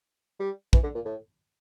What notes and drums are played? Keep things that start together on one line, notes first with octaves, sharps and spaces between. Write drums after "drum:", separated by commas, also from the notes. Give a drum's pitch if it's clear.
G3
E3, drum: kick
D3
A#2
A2